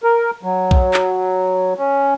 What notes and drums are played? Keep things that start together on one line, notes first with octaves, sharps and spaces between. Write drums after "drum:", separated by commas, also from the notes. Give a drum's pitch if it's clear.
A#4
F#3
drum: kick B1
drum: clap
C#4